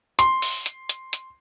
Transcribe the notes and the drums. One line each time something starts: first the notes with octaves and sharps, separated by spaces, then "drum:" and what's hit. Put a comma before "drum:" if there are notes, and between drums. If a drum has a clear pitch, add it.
C6, drum: hi-hat
drum: open hi-hat
drum: hi-hat
drum: hi-hat
drum: hi-hat